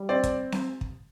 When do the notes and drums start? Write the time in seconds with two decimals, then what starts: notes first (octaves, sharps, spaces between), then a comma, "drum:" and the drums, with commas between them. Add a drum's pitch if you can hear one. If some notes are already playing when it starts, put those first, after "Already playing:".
Already playing: G3
0.09 C4 D5
0.24 drum: kick, hi-hat
0.52 drum: snare C4
0.81 drum: kick